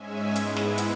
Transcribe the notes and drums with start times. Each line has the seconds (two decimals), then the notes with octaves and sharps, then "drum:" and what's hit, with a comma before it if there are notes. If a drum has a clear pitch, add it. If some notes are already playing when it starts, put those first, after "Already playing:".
Already playing: G#2 G#3 C#4 E5 G#5
0.36 G#2 G#3 B3 E4, drum: hi-hat
0.56 drum: snare
0.78 drum: hi-hat